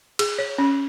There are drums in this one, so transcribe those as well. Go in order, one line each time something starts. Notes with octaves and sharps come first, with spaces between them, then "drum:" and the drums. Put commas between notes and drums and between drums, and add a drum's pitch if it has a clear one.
G#4, drum: cymbal
C#5
C#4